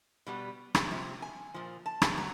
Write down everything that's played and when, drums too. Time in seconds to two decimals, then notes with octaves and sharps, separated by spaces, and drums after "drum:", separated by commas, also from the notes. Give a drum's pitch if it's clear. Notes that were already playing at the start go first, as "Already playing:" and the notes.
0.27 B2 G3 B3
0.75 drum: rim click
0.91 C3 F3
1.22 G#5
1.54 A#2 F3
1.86 A5
2.02 drum: rim click
2.17 F#3 B3 A#5